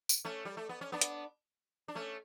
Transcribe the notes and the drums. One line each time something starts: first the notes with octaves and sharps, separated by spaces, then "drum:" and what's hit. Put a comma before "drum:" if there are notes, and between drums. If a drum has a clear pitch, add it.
drum: tambourine
A3 C#4
G3
A3
B3
C#4
B3 D4
drum: hi-hat
D4
A3 C#4